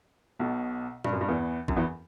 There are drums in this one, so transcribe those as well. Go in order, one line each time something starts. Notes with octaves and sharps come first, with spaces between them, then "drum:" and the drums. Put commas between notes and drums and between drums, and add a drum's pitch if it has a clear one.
B1 B2
G2, drum: tom A#2
F#2
G2
E2 E3
F#2 F#3, drum: kick A1
E2 E3